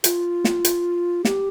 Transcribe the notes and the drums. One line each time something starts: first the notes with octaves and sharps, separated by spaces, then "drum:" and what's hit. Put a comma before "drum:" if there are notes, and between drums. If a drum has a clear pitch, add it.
F4, drum: hi-hat
drum: snare
drum: hi-hat
G4, drum: snare